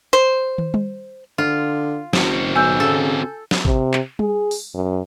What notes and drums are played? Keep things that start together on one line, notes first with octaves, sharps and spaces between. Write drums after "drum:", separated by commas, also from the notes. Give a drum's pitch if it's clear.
C5
drum: tom
drum: tom G3
D3 F4
F#1 C4 F#4, drum: snare
B1 G#5 E6 G6
C#3 A4
drum: snare
C3, drum: kick G#1
drum: clap
G#4, drum: tom G3
drum: open hi-hat
F#2